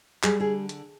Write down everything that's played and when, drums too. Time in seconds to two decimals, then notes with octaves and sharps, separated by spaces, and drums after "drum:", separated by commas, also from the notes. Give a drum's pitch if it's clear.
0.23 G3 G#4, drum: clap
0.40 D3 G#4
0.69 drum: hi-hat